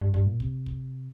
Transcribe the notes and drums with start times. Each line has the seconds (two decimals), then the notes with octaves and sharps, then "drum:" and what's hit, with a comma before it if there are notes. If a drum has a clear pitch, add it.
0.01 G2
0.14 G2, drum: kick
0.27 A#2
0.40 C3, drum: kick
0.66 drum: kick